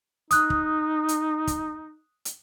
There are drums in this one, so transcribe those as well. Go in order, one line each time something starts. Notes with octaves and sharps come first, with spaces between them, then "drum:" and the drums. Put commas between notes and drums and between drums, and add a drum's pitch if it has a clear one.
D#4 D#6 F#6, drum: hi-hat
drum: kick
drum: hi-hat
drum: kick, hi-hat
drum: hi-hat